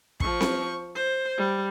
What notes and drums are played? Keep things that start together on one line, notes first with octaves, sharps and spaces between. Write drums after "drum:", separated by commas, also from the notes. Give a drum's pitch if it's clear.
F3 C#6, drum: kick
drum: snare C4
C5
G3